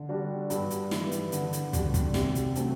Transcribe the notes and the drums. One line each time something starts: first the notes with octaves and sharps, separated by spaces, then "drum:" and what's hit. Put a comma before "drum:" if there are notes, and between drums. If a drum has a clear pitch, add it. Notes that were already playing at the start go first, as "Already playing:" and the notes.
Already playing: D3
G3 D4 F#4
G2, drum: hi-hat
drum: hi-hat
E3 B3, drum: snare
drum: hi-hat
D3, drum: hi-hat
drum: hi-hat
G3 D4 F#4, drum: kick, hi-hat
drum: kick, hi-hat
C3, drum: snare
drum: hi-hat
F#3 A3 C4, drum: hi-hat